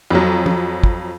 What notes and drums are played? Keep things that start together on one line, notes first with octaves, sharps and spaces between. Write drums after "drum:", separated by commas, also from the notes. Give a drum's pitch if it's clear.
F2 F#3
drum: tom F3
drum: kick